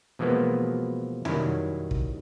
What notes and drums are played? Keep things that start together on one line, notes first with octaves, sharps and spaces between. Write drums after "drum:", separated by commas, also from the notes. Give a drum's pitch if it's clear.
B2 E3 F3 G#3 A#3 B3
D#3 F#3 G3 C#4 E4, drum: tom
drum: kick